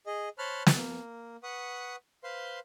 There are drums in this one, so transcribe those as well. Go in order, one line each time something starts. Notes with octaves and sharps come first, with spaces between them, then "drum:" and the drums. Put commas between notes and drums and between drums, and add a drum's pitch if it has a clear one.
G#4 D#5
C5 C#5 A5 B5 F6 F#6
drum: snare
A#3
B4 F#5 C#6 D#6
B4 C5 F5 C6